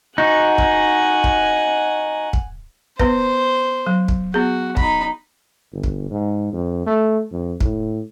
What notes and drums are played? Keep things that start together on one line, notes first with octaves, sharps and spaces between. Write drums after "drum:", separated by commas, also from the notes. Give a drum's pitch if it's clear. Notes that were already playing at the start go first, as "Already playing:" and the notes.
D#4 F#4 F#5 G#5
drum: kick
drum: kick
drum: kick
B3 B4 C5, drum: kick
F#3
drum: kick
B3 F#4 G#4
D#4 B5, drum: kick
G1
drum: kick
G#2
F2
A3
F2
A2, drum: kick